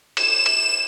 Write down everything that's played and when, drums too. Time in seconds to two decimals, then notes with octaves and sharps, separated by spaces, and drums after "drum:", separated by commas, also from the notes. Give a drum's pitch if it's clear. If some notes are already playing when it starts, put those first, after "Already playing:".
0.17 E7, drum: cymbal
0.46 drum: cymbal